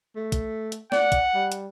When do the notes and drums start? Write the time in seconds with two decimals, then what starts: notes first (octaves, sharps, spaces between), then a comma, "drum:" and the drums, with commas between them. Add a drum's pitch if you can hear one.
0.16 A3
0.32 drum: kick, hi-hat
0.72 drum: hi-hat
0.92 D5 F#5, drum: snare
1.12 drum: kick, hi-hat
1.34 G3
1.52 drum: hi-hat